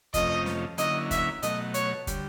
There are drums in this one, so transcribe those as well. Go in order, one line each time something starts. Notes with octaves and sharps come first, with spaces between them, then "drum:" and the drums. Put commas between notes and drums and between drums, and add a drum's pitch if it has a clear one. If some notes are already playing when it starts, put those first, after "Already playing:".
F2 C3 F3 A3 C#4 D#5, drum: kick, hi-hat
drum: snare
D3 F#3 A#3 C#4 E4 D#5, drum: hi-hat
E5, drum: kick, hi-hat
B2 F#3 A3 D#5, drum: hi-hat
C#5, drum: hi-hat
D3 G3, drum: kick, hi-hat